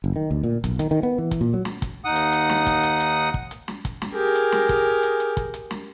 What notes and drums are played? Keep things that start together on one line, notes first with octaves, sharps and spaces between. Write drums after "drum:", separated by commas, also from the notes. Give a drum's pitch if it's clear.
F#1
D#3
D2
A#2
B1, drum: kick, hi-hat
D#3, drum: hi-hat
D#3
B3
E3
drum: kick, hi-hat
A#2
F#3
drum: snare
drum: kick, hi-hat
D#2 D#4 F#5 D#6
drum: hi-hat
drum: hi-hat
drum: snare
drum: kick, hi-hat
drum: hi-hat
drum: hi-hat
drum: kick
drum: hi-hat
drum: snare
drum: kick, hi-hat
drum: snare
G4 G#4 A#4
drum: hi-hat
drum: snare
drum: kick, hi-hat
drum: hi-hat
drum: hi-hat
drum: kick, hi-hat
drum: hi-hat
drum: snare